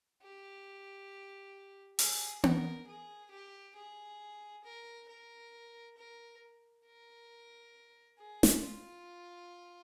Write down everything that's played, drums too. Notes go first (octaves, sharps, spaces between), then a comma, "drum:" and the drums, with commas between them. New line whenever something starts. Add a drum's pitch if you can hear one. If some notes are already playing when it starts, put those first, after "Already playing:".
G4
G#4, drum: open hi-hat
A#4, drum: tom B3
G#4
G4
G#4
A#4
A#4
A#4
A#4
G#4
drum: snare
F4